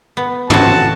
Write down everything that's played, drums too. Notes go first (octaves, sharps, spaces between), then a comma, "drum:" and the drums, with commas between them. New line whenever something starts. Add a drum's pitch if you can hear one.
B3
A2 C#3 C4 F#4 A5, drum: tom